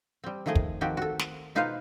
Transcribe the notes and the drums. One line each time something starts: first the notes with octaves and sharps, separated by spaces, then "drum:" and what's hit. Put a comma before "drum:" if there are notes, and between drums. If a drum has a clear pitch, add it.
G3 C4
D#3 F3 A3 G#4 D#5
drum: kick
D#3 F3 C4 F#4 G4
F#4 A4
drum: snare
B2 D#4 F4 B4 C5 F5